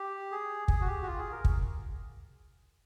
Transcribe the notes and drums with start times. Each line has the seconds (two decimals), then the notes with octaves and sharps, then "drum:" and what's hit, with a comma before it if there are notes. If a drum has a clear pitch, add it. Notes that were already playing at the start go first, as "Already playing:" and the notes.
Already playing: G4
0.32 G#4
0.68 G#4, drum: kick
0.81 F#4
0.87 G4
1.03 F#4
1.07 F4
1.19 G#4
1.32 A#4
1.45 drum: kick